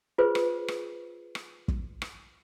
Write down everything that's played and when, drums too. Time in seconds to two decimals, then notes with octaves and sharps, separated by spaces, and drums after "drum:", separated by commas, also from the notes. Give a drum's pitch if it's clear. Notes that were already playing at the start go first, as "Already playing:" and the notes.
0.18 F4 G#4 B4 C5
0.35 drum: rim click
0.68 drum: rim click
1.35 drum: rim click
1.68 drum: kick
2.02 drum: rim click